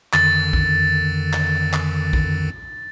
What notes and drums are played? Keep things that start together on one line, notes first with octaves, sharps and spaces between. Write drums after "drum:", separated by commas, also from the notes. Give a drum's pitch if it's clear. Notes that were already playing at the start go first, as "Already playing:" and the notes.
F2 D3 D#3 A6, drum: clap
drum: kick A#1
drum: clap
drum: clap
drum: kick A#1